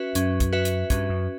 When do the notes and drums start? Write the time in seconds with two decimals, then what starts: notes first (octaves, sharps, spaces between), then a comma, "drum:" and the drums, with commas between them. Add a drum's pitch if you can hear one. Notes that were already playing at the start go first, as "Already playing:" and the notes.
Already playing: C#4 F#4 B4 E5
0.15 F#2 C#4, drum: hi-hat
0.40 drum: kick, hi-hat
0.53 F#4 B4 E5
0.65 drum: hi-hat
0.90 G2 C#4, drum: kick, hi-hat
1.09 F#2